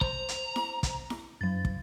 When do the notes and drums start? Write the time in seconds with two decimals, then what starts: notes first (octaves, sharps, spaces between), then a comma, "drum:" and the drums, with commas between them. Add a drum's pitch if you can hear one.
0.01 C5 A#5, drum: kick
0.29 drum: hi-hat
0.56 drum: snare E4
0.83 drum: kick, hi-hat
1.10 drum: snare E4
1.41 F#2 F#3 A6
1.65 drum: kick